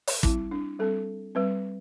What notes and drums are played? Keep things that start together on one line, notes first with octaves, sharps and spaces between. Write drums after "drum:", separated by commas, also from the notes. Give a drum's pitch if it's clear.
drum: open hi-hat
G3 C4 E4, drum: kick
D4
G3 C4 A4
G3 C4 B4